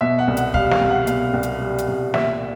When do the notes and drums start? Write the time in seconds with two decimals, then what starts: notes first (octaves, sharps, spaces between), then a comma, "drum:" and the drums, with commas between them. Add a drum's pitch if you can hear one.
0.01 B2 E5
0.19 F#5
0.28 C2
0.37 F#5, drum: hi-hat
0.54 G3 F5, drum: kick
0.71 F5, drum: snare
0.81 C2
0.90 F#5
1.07 B2 F5, drum: hi-hat
1.33 C2
1.43 drum: hi-hat
1.61 G3
1.78 drum: hi-hat
1.88 C2
2.14 A#2 E5, drum: snare